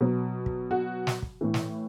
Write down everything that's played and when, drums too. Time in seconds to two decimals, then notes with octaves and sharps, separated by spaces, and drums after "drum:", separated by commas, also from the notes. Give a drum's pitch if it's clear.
0.01 B2 F#3
0.46 drum: kick
0.71 F#4
1.07 drum: snare
1.22 drum: kick
1.41 A2 E3
1.54 drum: snare